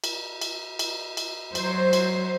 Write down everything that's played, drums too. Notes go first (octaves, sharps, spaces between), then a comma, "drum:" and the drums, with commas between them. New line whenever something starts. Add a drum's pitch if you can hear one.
drum: cymbal
drum: cymbal
drum: cymbal
drum: cymbal
F#3 C5, drum: cymbal
drum: cymbal